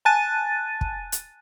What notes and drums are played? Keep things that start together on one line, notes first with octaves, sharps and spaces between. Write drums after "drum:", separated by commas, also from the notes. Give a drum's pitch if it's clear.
G#5 A5 F#6 A6 D#7
drum: kick
drum: hi-hat